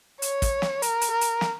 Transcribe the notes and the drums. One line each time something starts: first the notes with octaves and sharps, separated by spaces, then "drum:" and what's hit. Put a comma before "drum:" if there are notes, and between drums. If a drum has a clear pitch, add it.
C#5, drum: hi-hat
drum: kick, hi-hat
drum: snare
A#4, drum: hi-hat
drum: hi-hat
A#4
drum: hi-hat
drum: snare